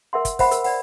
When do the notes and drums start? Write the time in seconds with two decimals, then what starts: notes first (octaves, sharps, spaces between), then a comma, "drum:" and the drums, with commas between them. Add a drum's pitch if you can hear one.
0.13 A#4 E5 F#5 C6
0.25 drum: kick, hi-hat
0.39 C5 E5 F#5 B5, drum: kick, open hi-hat
0.51 A#4, drum: hi-hat
0.64 D5 F#5, drum: open hi-hat